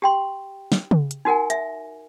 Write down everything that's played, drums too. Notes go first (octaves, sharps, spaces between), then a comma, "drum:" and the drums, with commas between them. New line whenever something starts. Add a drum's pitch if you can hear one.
G4 G5 C6
drum: snare
drum: tom C#3
drum: hi-hat
D#4 F#4 A#4 F#5 G#5
E5, drum: hi-hat